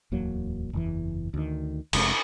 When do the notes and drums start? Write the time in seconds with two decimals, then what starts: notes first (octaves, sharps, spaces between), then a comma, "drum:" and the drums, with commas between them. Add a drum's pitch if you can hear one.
0.12 D1 E2 F#3 A#3
0.73 F#1 E2 E3
1.34 D2 D#3
1.93 F1 C3 G#3, drum: cymbal